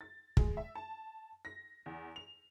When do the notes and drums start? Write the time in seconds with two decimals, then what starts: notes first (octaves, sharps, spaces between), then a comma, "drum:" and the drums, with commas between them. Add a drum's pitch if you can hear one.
0.01 A6
0.37 G#3, drum: kick
0.57 E5
0.75 A5
1.45 A#6
1.86 E2
2.16 F7